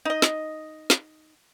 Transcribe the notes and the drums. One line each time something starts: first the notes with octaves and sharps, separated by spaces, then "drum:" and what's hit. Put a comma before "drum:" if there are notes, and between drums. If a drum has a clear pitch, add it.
D#4 D#5
drum: snare
drum: snare